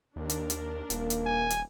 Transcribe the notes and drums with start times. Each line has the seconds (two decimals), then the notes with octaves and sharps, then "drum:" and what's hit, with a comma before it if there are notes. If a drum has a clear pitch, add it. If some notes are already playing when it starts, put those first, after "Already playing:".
0.16 D#2 D4 A#4
0.30 drum: hi-hat
0.50 drum: hi-hat
0.90 D#1 A#3, drum: hi-hat
1.10 drum: hi-hat
1.26 G#5
1.50 drum: hi-hat